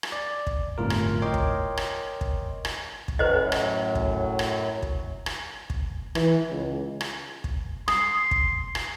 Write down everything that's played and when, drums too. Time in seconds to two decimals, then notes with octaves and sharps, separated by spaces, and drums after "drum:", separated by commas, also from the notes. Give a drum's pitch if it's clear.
0.03 drum: rim click
0.12 D5
0.47 drum: kick
0.78 G1 F2 A2 F4 A#4
0.90 drum: rim click
1.22 A#4 C#5 D#5 G5 C6 D6
1.34 drum: kick
1.77 drum: rim click
2.21 drum: kick
2.65 drum: rim click
3.08 drum: kick
3.19 F#2 A2 F#3 B4 C5 D#5
3.52 drum: rim click
3.95 drum: kick
4.39 drum: rim click
4.83 drum: kick
5.26 drum: rim click
5.70 drum: kick
6.15 E3, drum: rim click
6.50 C#2
7.01 drum: rim click
7.44 drum: kick
7.88 C6 D#6, drum: rim click
8.31 drum: kick
8.75 drum: rim click